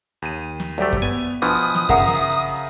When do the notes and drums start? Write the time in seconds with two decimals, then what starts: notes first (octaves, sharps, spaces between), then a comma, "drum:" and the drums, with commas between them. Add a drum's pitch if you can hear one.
0.22 D#2 D#7
0.60 drum: snare
0.78 D2 F#3 G3 A3 G4
0.93 drum: kick F#2
1.02 B3 G#5
1.42 B2 E3 F3 D4 B4 A5 D#6
1.75 drum: snare
1.89 C#3 A#4 E5 F#5 G5 A#5, drum: kick F#2
2.08 drum: snare